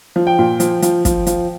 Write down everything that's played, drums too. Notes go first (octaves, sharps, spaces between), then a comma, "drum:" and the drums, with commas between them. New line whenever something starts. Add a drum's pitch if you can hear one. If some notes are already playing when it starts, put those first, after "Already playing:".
F3
G5
A#2
F3, drum: hi-hat
F3, drum: hi-hat
F3, drum: kick, hi-hat
F3, drum: hi-hat